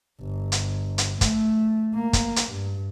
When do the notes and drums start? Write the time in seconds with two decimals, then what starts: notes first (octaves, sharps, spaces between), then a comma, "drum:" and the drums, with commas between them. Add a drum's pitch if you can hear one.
0.20 G1
0.52 drum: hi-hat
0.98 drum: hi-hat
1.21 A3, drum: kick, hi-hat
1.94 A#3
2.13 drum: kick, hi-hat
2.36 drum: hi-hat
2.51 G2